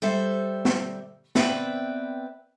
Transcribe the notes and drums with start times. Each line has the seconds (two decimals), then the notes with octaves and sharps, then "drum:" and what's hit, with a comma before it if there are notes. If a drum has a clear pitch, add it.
0.02 G3 A4 C5 E5
0.65 drum: snare
1.35 B3 C4 B4 D5 E5 G5, drum: snare